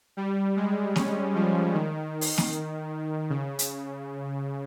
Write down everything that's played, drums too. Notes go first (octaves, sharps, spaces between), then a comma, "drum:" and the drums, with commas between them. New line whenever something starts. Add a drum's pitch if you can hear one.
G3
G#3
C#4, drum: snare A#3
F3
D#3
drum: open hi-hat
drum: snare A#3
C#3
drum: hi-hat